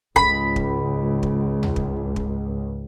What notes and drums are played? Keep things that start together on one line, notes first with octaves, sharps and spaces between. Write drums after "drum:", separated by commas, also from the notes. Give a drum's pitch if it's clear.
C#2 G#2 B5, drum: kick
drum: kick
drum: kick
drum: tom D#2
drum: kick
drum: kick